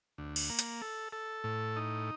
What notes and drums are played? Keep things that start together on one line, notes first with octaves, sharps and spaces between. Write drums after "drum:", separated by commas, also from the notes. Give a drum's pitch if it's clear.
D2
drum: cymbal
A#3
drum: hi-hat
A4
A4
A2
D#4